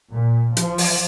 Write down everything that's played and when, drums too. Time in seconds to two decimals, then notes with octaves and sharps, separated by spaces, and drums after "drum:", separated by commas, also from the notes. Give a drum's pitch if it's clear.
0.11 A#2
0.57 F3, drum: hi-hat
0.78 drum: open hi-hat